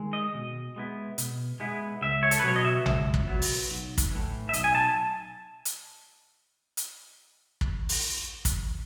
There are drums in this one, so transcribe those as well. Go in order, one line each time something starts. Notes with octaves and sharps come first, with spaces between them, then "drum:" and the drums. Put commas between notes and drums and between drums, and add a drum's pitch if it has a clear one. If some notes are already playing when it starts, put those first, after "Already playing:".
Already playing: D#3 G#3
D#5
B2
G#3 B3 E4
B2, drum: hi-hat
G#3 B3 E4
C#2 E5
C#5
A4, drum: hi-hat
B4
B2 F#3 B3 C#5
D#5
E5
C#2, drum: tom A1
drum: kick
B2 F#3 B3
drum: open hi-hat
B1
drum: kick, hi-hat
A2 E3
E5
B1 D#5, drum: hi-hat
G#5
A5
drum: hi-hat
drum: hi-hat
drum: kick
drum: open hi-hat
drum: kick, hi-hat